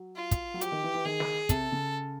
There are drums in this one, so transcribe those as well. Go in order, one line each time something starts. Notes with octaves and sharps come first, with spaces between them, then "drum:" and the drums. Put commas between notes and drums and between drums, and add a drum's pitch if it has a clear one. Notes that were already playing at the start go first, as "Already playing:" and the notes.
Already playing: F#3
F4
drum: kick, hi-hat
F#3
F3 G4, drum: hi-hat
D#3
E3
E3
D#3 G#4
drum: snare
C3 A4, drum: kick, hi-hat
C#3